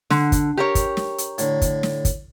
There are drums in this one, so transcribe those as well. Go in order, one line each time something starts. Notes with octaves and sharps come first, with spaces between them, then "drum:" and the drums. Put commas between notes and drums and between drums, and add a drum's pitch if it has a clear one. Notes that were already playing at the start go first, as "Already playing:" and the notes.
D3, drum: snare
drum: kick, hi-hat
G4 A#4 C#5
drum: kick, hi-hat
drum: snare
drum: hi-hat
A2 D3, drum: hi-hat
drum: kick, hi-hat
drum: snare
drum: kick, hi-hat